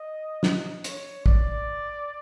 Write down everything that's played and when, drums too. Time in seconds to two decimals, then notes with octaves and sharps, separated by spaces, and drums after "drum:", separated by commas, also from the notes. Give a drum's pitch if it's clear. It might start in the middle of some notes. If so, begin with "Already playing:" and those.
Already playing: D#5
0.43 drum: snare
0.84 C#5, drum: hi-hat
1.26 D5, drum: kick